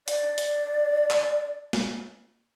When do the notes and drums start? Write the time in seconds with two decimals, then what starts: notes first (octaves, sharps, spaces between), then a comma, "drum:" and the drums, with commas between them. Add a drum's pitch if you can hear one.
0.08 D5, drum: hi-hat
0.38 drum: hi-hat
1.11 drum: clap
1.73 drum: snare